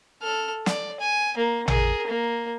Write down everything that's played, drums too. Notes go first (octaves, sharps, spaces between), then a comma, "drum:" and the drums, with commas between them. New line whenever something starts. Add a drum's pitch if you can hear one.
A4 F6
D5, drum: snare
G#5
A#3
G#4 A#4, drum: tom A1
A#3